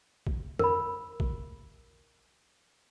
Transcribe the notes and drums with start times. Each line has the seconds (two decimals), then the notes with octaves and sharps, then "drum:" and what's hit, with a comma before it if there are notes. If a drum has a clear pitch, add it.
0.27 drum: kick
0.59 A#4 B5, drum: tom F2
1.20 drum: kick